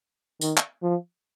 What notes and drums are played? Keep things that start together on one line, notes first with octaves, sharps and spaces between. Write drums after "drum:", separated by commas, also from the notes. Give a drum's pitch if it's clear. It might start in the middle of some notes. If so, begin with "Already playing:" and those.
D#3, drum: tambourine
drum: clap
F3